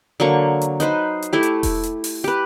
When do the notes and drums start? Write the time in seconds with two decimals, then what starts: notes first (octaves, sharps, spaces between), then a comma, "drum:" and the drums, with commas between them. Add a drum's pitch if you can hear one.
0.20 D3 F#3 A#3 C#6
0.61 drum: hi-hat
0.80 D#4 B4 C5, drum: hi-hat
1.22 drum: hi-hat
1.33 A3 E4 G4
1.43 drum: hi-hat
1.63 drum: kick E1, open hi-hat
1.83 drum: hi-hat
2.04 drum: open hi-hat
2.24 G4 B4